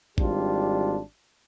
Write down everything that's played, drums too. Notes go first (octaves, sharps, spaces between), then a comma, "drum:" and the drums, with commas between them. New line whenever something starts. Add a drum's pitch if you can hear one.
G#1 G3 D4 F4 G4, drum: kick A1